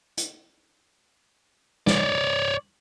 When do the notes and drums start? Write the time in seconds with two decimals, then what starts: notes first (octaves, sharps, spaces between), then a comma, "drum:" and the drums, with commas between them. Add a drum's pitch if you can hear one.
0.17 drum: hi-hat
1.87 C#5 D5, drum: snare